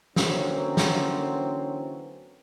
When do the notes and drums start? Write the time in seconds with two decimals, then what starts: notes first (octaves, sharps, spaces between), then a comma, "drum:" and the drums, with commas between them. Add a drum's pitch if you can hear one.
0.16 D3 E3 F#3 A#3 C4 C#4, drum: snare
0.77 drum: snare